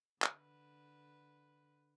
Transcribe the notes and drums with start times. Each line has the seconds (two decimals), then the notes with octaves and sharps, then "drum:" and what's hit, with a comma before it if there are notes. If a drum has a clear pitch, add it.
0.22 D3 B4, drum: clap